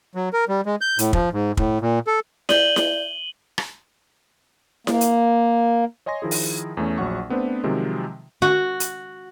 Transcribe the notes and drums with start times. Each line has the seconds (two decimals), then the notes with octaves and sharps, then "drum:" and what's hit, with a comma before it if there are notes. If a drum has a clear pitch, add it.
0.15 F#3
0.33 A#4
0.49 G3
0.66 G#3
0.81 G6
0.99 A2, drum: hi-hat
1.13 F3, drum: kick
1.33 G#2
1.57 A2, drum: kick
1.81 A#2
2.07 A4
2.49 D5 G6 D#7 F#7 G7, drum: snare E4
2.76 drum: snare E4
3.58 drum: rim click
4.87 A#3, drum: snare E4
5.01 drum: hi-hat
6.06 C#5 D#5 G#5 C6 A#6
6.22 D#3 F3 E4 G#4
6.31 drum: open hi-hat
6.77 E2 A3 C#4
6.98 A#1 F#3 F#5 C#6
7.30 A3 B3 C4 D4 B4 C5
7.64 C3 D#3 F3 F#3 G#3 C4
8.42 F#4
8.80 drum: hi-hat